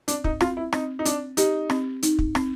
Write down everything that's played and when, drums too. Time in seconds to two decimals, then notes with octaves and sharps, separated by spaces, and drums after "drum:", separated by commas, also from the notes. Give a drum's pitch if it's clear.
0.08 C4 D4, drum: hi-hat
0.24 D#4, drum: kick
0.41 C4 F4, drum: rim click
0.57 E4
0.73 C4 D#4, drum: rim click
0.99 D#4
1.05 C4 D4, drum: hi-hat
1.37 D#4 G4, drum: hi-hat
1.70 C4, drum: rim click
2.03 D#4, drum: hi-hat
2.19 drum: kick
2.35 C4, drum: rim click